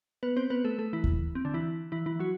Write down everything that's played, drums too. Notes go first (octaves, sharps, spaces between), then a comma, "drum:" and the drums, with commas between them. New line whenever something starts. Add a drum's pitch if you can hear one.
B3 B4
C4 C5
B3 B4
A3 A4
A3 A4
E3 E4
drum: kick D#2
C4
D3 D4
E3 E4
E3 E4
E3 E4
F#3 F#4